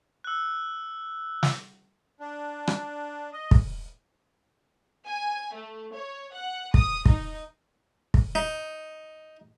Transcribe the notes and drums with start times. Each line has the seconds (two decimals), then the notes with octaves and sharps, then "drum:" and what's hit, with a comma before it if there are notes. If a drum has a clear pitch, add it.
0.24 E6 F#6
1.43 drum: snare
2.20 D4
2.67 drum: rim click
3.32 D#5
3.51 drum: kick
5.06 G#5
5.53 A3
5.93 C#5
6.33 F#5
6.74 D#6, drum: kick
7.06 D#4, drum: kick
8.14 drum: kick
8.35 D#4